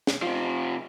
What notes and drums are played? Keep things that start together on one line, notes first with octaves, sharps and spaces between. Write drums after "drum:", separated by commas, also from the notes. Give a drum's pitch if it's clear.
drum: snare
C3 F3